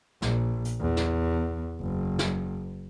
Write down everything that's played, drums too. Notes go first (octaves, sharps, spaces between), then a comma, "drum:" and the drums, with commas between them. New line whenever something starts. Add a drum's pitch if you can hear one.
A#1, drum: snare
drum: hi-hat
E2
drum: snare
F#1
drum: snare